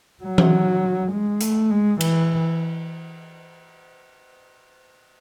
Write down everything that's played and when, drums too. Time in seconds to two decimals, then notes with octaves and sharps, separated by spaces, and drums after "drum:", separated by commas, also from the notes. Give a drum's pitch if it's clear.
0.23 F#3
0.38 drum: tom E3
1.11 G#3
1.41 A3, drum: hi-hat
1.70 G#3
2.01 E3, drum: cymbal